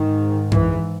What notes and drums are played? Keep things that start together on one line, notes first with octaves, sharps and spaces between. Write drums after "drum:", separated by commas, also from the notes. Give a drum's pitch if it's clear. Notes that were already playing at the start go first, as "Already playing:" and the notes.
Already playing: G#2 D#3
E3, drum: tom F#2